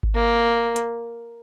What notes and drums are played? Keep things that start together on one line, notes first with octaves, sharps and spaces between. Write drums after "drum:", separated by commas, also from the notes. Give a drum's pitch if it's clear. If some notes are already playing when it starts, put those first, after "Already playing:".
drum: kick G#1
A#3
drum: hi-hat